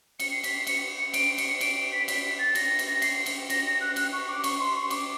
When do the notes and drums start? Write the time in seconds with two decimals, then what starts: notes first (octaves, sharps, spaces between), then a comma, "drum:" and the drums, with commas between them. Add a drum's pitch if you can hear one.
0.20 C#7, drum: cymbal
0.32 C7
0.44 B6, drum: cymbal
0.55 C7
0.67 C#7, drum: cymbal
1.14 D7, drum: cymbal
1.38 C#7, drum: cymbal
1.61 D7, drum: cymbal
1.77 D7
1.92 B6
2.08 B6, drum: cymbal
2.39 A6
2.55 A#6, drum: cymbal
2.79 drum: cymbal
3.02 C7, drum: cymbal
3.26 drum: cymbal
3.50 A#6, drum: cymbal
3.66 A#6
3.81 F#6
3.96 F#6, drum: cymbal
4.13 C#6
4.28 D6
4.44 C#6, drum: cymbal
4.60 C6
4.75 C#6
4.90 D6, drum: cymbal